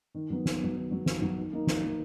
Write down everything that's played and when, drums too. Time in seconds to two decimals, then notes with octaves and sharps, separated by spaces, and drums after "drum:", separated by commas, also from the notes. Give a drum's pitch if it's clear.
0.15 D#3
0.30 F#3 B3
0.46 D#3, drum: snare
0.60 F#3 B3
0.76 D#3
0.91 F#3 B3
1.06 D#3, drum: snare
1.22 F#3 B3
1.37 D#3
1.53 A#3 D#4
1.67 D#3, drum: snare
1.83 A#3 D#4